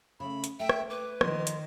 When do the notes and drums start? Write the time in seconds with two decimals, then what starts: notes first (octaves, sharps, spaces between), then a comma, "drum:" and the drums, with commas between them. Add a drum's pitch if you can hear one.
0.20 C#3 A3 B5
0.44 drum: hi-hat
0.60 A3 E5 G5
0.69 drum: rim click
0.90 B4 D6
1.21 D#3 F3 C6, drum: rim click
1.47 drum: hi-hat